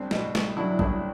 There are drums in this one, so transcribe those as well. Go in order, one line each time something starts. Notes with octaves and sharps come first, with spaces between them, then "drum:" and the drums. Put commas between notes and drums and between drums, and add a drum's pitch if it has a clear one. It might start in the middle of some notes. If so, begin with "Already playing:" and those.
Already playing: C2 C4 D4
B2, drum: snare
C2, drum: snare
F#3 D4 E4
C2 D4 E4, drum: kick A1